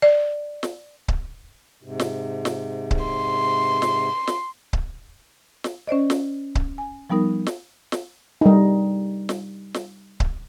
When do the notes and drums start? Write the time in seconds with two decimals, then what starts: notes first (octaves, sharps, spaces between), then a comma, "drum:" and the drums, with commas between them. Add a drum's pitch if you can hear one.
0.02 D5
0.63 drum: snare
1.08 drum: kick C#1
1.83 G#2 C3
2.00 drum: snare
2.45 drum: snare
2.91 drum: kick C#1
3.05 C6
3.82 drum: snare
4.27 drum: snare
4.73 drum: kick C#1
5.64 drum: snare
5.88 C#4 C5 D5 D#5
6.10 drum: snare
6.55 drum: kick C#1
6.78 G#5
7.10 F3 G3 B3 D#4 A#4
7.47 drum: snare
7.92 drum: snare
8.41 G3 D#4
9.29 drum: snare
9.74 drum: snare
10.20 drum: kick C#1